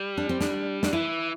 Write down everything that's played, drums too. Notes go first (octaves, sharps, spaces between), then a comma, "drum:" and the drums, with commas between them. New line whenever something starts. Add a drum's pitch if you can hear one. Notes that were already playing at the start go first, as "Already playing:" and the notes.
Already playing: G3
D4
C4
D4, drum: snare
D4, drum: snare
E3 E4